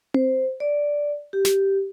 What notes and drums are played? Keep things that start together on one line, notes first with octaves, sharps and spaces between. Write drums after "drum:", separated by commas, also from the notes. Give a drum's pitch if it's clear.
C5, drum: tom C4
D5
G4
drum: snare